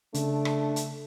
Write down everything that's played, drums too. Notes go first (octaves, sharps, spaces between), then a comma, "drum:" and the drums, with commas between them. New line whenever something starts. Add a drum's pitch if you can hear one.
C#3 A3 D4, drum: hi-hat
drum: rim click
drum: hi-hat